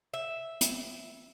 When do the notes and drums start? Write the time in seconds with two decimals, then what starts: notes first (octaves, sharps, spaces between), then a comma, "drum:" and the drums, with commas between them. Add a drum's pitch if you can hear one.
0.14 E5
0.61 drum: hi-hat